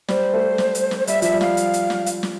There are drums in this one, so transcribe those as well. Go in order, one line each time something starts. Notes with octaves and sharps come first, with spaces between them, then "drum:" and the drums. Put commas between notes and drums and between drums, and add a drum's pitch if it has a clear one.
G3 C5, drum: snare
A3
drum: snare
drum: hi-hat
drum: snare
G3 E5, drum: hi-hat
F3 E5, drum: hi-hat
G3
F5, drum: snare
drum: hi-hat
drum: hi-hat
drum: snare
drum: hi-hat
drum: snare